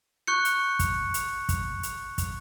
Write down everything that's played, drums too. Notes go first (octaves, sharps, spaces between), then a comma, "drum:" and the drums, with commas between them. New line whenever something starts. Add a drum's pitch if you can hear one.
C#6 F#6 G6 C#7
drum: hi-hat
drum: kick, hi-hat
drum: hi-hat
drum: kick, hi-hat
drum: hi-hat
drum: kick, hi-hat